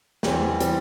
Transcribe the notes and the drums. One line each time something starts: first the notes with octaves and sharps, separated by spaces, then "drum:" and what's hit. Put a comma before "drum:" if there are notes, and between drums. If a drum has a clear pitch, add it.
E2 E3 G3 C4, drum: snare
E3 G3 C4, drum: hi-hat